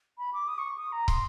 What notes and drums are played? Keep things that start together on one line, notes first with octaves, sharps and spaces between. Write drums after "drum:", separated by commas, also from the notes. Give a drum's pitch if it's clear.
B5
D6
D#6
C#6
D#6
A#5
C6, drum: kick